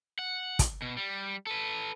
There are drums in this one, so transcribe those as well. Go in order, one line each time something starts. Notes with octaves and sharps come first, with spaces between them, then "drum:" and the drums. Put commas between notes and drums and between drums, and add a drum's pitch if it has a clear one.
F#5
drum: kick, hi-hat
B2
G3
A4 B4